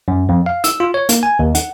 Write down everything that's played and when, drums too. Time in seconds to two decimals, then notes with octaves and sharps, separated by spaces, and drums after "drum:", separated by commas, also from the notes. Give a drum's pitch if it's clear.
0.08 F#2
0.29 F2
0.46 F5
0.64 E6, drum: hi-hat
0.80 F4
0.94 C#5
1.09 A#3, drum: hi-hat
1.23 G#5
1.39 D#2
1.55 F#5, drum: hi-hat